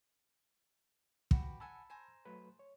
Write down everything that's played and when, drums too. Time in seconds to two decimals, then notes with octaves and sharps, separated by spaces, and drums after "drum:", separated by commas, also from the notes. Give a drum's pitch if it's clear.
1.31 F#4 G4 B4, drum: kick
1.60 F#5 G#5 A5 B5 E6
1.90 C5 G#5 A#5
2.25 F#3 A3 B4
2.59 C#5